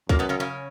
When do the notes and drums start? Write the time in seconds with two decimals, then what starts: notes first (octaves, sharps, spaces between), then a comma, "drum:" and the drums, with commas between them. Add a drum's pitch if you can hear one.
0.09 F#2 A#2 A#3, drum: kick
0.19 B2 B3
0.29 C#3 C#4
0.40 C#3 C#4